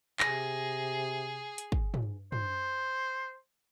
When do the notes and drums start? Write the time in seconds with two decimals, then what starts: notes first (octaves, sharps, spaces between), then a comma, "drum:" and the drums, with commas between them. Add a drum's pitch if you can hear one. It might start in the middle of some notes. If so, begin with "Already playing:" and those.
0.20 C3 G#4 A#6, drum: clap
1.58 drum: hi-hat
1.72 drum: kick
1.94 drum: tom
2.32 C5, drum: tom